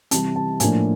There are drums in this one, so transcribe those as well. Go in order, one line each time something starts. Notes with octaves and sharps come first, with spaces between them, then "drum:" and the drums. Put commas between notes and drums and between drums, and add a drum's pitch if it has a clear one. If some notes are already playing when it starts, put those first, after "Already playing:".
C3 E3 G3 A5, drum: hi-hat
A5
A2 F3 A#3 D4 G#5, drum: hi-hat